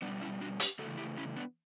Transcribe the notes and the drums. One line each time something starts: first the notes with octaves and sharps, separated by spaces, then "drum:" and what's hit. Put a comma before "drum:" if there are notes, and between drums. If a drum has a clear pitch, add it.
B2 G3 B3 D4
C#4 E4
D4 F#4
G4 B4, drum: hi-hat
C#3 E3 A3 F#4 A4
E4 G4
C#4 E4
B3 D4